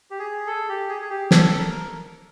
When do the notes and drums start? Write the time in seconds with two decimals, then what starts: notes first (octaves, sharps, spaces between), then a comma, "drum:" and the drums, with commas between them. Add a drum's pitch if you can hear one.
0.11 G4
0.19 G#4
0.47 A4
0.69 G4
0.89 G#4
1.02 G#4
1.10 G4
1.31 A4, drum: snare
1.58 A#4